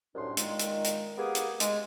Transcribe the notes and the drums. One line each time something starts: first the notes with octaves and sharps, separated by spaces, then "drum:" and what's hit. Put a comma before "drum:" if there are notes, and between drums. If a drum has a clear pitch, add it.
C2 F#2 A2 D4 C6
A#2 D#3 G#3, drum: hi-hat
drum: hi-hat
drum: hi-hat
A#3 B3 G4 G#4
drum: hi-hat
G#3, drum: hi-hat